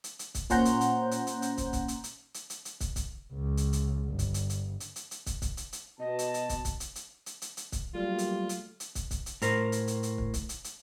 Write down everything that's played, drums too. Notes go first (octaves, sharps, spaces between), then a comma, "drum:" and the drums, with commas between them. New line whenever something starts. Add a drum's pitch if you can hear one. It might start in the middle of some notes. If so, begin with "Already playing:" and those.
drum: hi-hat
drum: hi-hat
drum: kick, hi-hat
A#2 C#4 C5 F#5 A#5 G6, drum: kick, hi-hat
drum: hi-hat
drum: hi-hat
drum: hi-hat
drum: hi-hat
drum: hi-hat
drum: kick, hi-hat
drum: kick, hi-hat
drum: hi-hat
drum: hi-hat
drum: hi-hat
drum: hi-hat
drum: hi-hat
drum: kick, hi-hat
drum: kick, hi-hat
C#2
drum: hi-hat
drum: hi-hat
G1
drum: kick, hi-hat
drum: hi-hat
drum: hi-hat
drum: hi-hat
drum: hi-hat
drum: hi-hat
drum: kick, hi-hat
drum: kick, hi-hat
drum: hi-hat
drum: hi-hat
B2 D#5 A5
drum: hi-hat
drum: hi-hat
drum: kick, hi-hat
drum: kick, hi-hat
drum: hi-hat
drum: hi-hat
drum: hi-hat
drum: hi-hat
drum: hi-hat
drum: kick, hi-hat
A#1 F#3 G3 A3 F4
drum: hi-hat
drum: hi-hat
drum: hi-hat
drum: kick, hi-hat
drum: kick, hi-hat
drum: hi-hat
A2 A#4 C5, drum: hi-hat
drum: hi-hat
drum: hi-hat
drum: hi-hat
drum: kick
drum: kick, hi-hat
drum: hi-hat
drum: hi-hat